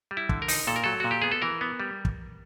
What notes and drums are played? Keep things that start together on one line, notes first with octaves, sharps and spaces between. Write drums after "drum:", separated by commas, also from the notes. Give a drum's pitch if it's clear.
G3
E4
D3, drum: kick
A#4
D#4, drum: open hi-hat
A#2 A4
A#4
F#3 A4
A#2 F#4
G4
B3 G#4
A4
E3 A#4
B3
G3
drum: kick